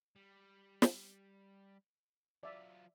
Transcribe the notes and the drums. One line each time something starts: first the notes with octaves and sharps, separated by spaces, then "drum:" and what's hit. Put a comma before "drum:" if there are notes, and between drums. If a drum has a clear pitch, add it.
G3
drum: snare
F#3 F4 D5 E5